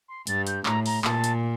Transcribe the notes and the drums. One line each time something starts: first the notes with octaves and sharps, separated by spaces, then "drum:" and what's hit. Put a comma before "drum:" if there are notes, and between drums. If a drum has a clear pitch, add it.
C6
G2 A6, drum: hi-hat
G6, drum: hi-hat
A2 A#5, drum: clap
A#5, drum: open hi-hat
A#2 A5, drum: clap
drum: hi-hat